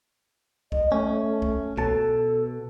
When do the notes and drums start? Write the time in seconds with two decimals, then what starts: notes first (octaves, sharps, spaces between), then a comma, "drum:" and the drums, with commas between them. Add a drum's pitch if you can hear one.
0.72 D#5, drum: kick
0.92 A3 C#4
1.42 drum: kick
1.78 B2 A4 A5, drum: kick